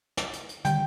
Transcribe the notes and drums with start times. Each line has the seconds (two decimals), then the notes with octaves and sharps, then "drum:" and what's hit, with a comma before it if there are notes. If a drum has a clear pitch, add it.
0.17 drum: snare
0.33 drum: hi-hat
0.49 drum: hi-hat
0.65 D3 D#3 G3 G5, drum: hi-hat